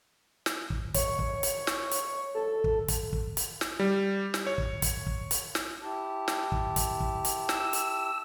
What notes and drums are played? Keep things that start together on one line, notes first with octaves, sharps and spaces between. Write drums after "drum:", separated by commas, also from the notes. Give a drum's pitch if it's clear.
drum: snare
drum: kick
C#5, drum: kick, hi-hat
drum: kick
drum: hi-hat
drum: snare
drum: hi-hat
A4
drum: kick
drum: kick, hi-hat
drum: kick
drum: hi-hat
drum: snare
G3
drum: snare
C#5
drum: kick
drum: kick, hi-hat
drum: kick
drum: hi-hat
drum: snare
E4 G4 A5
drum: snare
drum: kick
drum: kick, hi-hat
drum: kick
drum: hi-hat
E6, drum: snare
drum: hi-hat